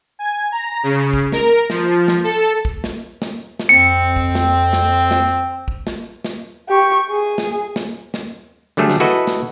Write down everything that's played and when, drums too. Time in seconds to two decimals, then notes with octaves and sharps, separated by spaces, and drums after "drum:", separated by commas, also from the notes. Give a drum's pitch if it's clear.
0.19 G#5
0.52 A#5
0.83 C#3
1.13 drum: kick
1.32 A#4, drum: snare
1.70 F3, drum: snare
2.08 drum: snare
2.24 A4
2.65 drum: kick
2.84 drum: snare
3.22 drum: snare
3.60 drum: snare
3.69 F2 C4 C#7
4.16 drum: kick
4.35 drum: snare
4.73 drum: snare
5.11 drum: snare
5.68 drum: kick
5.87 drum: snare
6.25 drum: snare
6.68 G4 C#6
7.10 G#4
7.38 drum: snare
7.76 drum: snare
8.14 drum: snare
8.77 D3 F#3 G3 A3 G#4 A4
8.90 drum: snare
9.00 E4 F#4 A4 B4 D#5
9.27 drum: snare